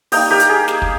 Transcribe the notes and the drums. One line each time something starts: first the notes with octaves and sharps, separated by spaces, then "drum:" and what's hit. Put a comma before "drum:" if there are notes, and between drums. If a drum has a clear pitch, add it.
G3 A#3 D#4 D#5 G5, drum: open hi-hat
G4 A#4
drum: hi-hat
G#4
drum: snare
drum: kick